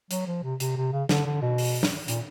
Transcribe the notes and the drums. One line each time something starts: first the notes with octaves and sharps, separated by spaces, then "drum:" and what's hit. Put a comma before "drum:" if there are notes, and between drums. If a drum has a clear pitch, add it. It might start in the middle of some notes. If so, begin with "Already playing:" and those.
F#3, drum: hi-hat
F3
C3
C3, drum: hi-hat
C3
C#3
D3, drum: snare
D3
B2
drum: open hi-hat
drum: snare
A#2, drum: hi-hat